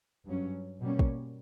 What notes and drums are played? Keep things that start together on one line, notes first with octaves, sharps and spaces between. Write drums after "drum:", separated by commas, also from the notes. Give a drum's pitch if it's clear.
G2 F#3 C#4
B2 G3 A#3 C#4
drum: kick